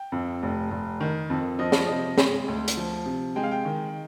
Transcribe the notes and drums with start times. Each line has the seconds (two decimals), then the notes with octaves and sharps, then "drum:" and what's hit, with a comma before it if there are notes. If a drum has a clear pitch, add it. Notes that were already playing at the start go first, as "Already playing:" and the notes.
Already playing: G5
0.12 F2
0.43 F1
0.71 F1
1.01 D#3
1.30 F2
1.59 F3 D#5
1.72 D5, drum: snare
1.87 C3 D#5
2.18 G#3, drum: snare
2.48 D2
2.68 drum: hi-hat
2.77 F3
3.06 C3
3.36 G#3 G5
3.43 F5
3.51 G5
3.65 D#3